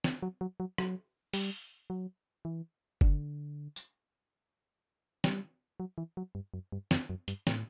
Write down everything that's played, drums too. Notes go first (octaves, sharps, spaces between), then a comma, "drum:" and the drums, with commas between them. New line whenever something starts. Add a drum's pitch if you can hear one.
drum: snare
F#3
F#3
F#3
F#3, drum: rim click
G3, drum: open hi-hat
F#3
E3
D3, drum: kick F#1
drum: tambourine
G3, drum: snare
F#3
E3
F#3
G2
F#2
G2
F#2, drum: snare
F#2
G2, drum: hi-hat
A2, drum: snare